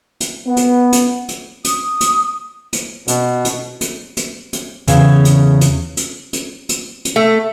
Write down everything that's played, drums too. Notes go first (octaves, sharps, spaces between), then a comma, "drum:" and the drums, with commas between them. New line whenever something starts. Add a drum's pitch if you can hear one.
drum: hi-hat
B3
drum: hi-hat
drum: hi-hat
drum: hi-hat
D#6, drum: hi-hat
drum: hi-hat
drum: hi-hat
B2, drum: hi-hat
drum: hi-hat
drum: hi-hat
drum: hi-hat
drum: hi-hat
E2 C#3, drum: hi-hat
drum: hi-hat
drum: hi-hat
drum: hi-hat
drum: hi-hat
drum: hi-hat
drum: hi-hat
A3